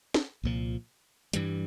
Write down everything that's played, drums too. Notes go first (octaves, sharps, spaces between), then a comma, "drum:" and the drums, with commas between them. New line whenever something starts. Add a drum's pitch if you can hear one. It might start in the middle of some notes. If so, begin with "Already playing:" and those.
drum: snare
C2 A#2 F3
G2 E3 G3, drum: hi-hat